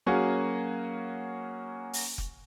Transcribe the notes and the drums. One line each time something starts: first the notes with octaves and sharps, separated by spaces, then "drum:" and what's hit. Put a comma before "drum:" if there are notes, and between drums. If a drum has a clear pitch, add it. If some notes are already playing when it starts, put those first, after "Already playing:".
F#3 A#3 C#4 F#4 G#4
drum: open hi-hat
drum: kick F1